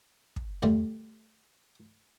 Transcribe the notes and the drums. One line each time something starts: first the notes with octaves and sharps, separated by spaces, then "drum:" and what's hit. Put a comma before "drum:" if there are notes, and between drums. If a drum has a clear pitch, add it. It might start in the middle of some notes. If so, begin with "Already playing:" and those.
drum: kick
D2 G2 G3 A3, drum: tom E2